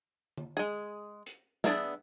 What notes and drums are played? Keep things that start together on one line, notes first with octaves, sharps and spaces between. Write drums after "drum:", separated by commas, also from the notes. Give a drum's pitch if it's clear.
drum: tom D3
G#3 G#4
drum: hi-hat
B3 D4 G#4 A#4 E5, drum: snare